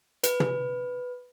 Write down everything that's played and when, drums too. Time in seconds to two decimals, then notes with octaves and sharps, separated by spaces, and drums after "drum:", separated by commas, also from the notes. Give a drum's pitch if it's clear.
0.23 B4, drum: hi-hat
0.40 drum: tom